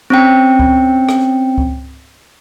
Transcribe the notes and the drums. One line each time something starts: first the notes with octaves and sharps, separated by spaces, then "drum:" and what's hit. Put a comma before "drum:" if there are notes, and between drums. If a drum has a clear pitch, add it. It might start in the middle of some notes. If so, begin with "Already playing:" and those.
C4 C#4 G5
drum: kick C#2
drum: rim click
drum: kick C#2